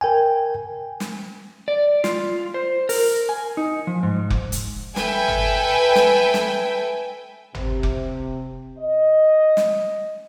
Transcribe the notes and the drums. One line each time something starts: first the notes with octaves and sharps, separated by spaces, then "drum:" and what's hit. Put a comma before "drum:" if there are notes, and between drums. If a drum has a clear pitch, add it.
A#4 G5 G#5
drum: snare
D5
F4, drum: snare
C5
A#4, drum: open hi-hat
G#5
D#4
F3
G#2
drum: kick F1
drum: hi-hat
A4 B4 E5 G5 G#5, drum: snare
drum: tom
drum: snare
drum: snare
C3, drum: tom
drum: kick F1
D#5
drum: snare